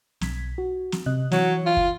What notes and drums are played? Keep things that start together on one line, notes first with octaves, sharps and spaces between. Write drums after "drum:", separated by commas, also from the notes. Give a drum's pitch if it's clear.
B1 G#6 B6, drum: snare
F#4
drum: snare
C3 D#5 F#6
E3 F#3 C#6 C#7, drum: snare
F4
drum: kick